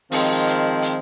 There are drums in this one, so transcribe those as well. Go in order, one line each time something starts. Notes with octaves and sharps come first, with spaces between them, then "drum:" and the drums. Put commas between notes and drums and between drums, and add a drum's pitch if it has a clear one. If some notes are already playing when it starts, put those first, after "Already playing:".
D#3 F3 G#3 C4, drum: open hi-hat
drum: hi-hat
drum: hi-hat